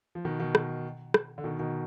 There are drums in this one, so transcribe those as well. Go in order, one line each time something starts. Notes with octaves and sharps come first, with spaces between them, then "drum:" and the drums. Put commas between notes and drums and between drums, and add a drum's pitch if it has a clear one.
F3
B2 D#3
B2 D#3
drum: rim click
drum: rim click
D3
B2 D#3
B2 D#3